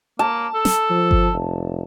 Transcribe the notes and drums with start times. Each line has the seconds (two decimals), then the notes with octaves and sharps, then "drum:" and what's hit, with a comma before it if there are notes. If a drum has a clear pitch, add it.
0.19 A#3 A5
0.54 A4
0.65 drum: snare
0.90 F3
1.11 drum: kick G1
1.34 F1